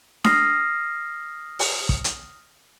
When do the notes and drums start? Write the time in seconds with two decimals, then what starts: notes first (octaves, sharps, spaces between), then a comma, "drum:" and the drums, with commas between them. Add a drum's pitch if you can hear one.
0.24 D#6 F6 A#6 C7, drum: snare D4
1.59 drum: open hi-hat
1.89 drum: kick
2.04 drum: hi-hat